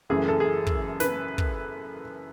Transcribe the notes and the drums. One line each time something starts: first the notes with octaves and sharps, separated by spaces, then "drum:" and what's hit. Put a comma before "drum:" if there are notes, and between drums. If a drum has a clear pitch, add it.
F#1 F#2 E3 A3 G#4
A4
G#4
drum: kick
B4, drum: snare
drum: kick